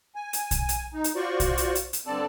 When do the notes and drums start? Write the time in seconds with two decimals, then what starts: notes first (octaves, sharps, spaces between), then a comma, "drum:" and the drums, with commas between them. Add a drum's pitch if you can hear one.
0.15 G#5
0.33 drum: hi-hat
0.51 drum: kick, hi-hat
0.69 drum: hi-hat
0.93 D#4
1.04 drum: hi-hat
1.16 F4 F#4 C5 D5 C#6
1.40 drum: kick, hi-hat
1.58 drum: hi-hat
1.75 drum: hi-hat
1.93 drum: hi-hat
2.07 G2 D3 C4 A4 D5 A5